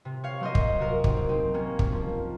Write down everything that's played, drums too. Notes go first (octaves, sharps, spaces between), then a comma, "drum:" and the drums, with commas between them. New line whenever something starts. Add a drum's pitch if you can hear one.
C3
C#5 F5
F#3 A#3 C5 D#5
drum: kick
C3 F#4 A#4
C4 D#4, drum: kick
F#3 A#3
C4 D#4
C3 A#3 C#4
drum: kick
F3 A#3